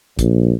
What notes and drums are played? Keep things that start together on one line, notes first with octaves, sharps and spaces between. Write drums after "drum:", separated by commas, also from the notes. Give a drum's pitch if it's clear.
A#1, drum: kick, hi-hat